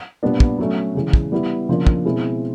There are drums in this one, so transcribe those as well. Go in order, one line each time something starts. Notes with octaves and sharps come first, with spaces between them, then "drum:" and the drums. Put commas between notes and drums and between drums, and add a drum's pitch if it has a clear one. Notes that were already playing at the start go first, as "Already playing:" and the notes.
A#2 G3 B3 D4
drum: kick
F#3 A3 C#4
C#3 E3 G#3
drum: kick
G3 B3 E4
C#3 F3 A#3 D4
drum: kick
B2 G#3 C4 E4